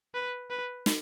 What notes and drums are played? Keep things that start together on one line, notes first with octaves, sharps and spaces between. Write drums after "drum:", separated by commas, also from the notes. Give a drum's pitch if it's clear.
B4
B4
drum: snare